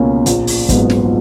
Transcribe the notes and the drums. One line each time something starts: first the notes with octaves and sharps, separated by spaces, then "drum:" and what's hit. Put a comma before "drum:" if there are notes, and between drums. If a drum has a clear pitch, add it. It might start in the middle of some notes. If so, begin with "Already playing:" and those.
Already playing: C#2 B2 A#3 C#4
A#1, drum: hi-hat
drum: open hi-hat
G#2 F#3 B3, drum: kick, hi-hat
drum: snare